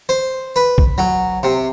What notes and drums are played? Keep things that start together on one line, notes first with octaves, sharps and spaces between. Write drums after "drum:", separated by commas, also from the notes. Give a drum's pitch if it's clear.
C5
B4
drum: kick
F#3
C3